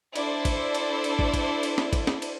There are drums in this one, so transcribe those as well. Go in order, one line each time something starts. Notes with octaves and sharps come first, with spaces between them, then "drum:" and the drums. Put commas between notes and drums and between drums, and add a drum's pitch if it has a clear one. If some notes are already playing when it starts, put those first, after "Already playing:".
D4 E4 A4 C5 D5, drum: cymbal
drum: kick, cymbal
drum: cymbal
drum: cymbal
drum: kick
drum: kick, cymbal
drum: cymbal
drum: snare
drum: kick, cymbal
drum: snare
drum: cymbal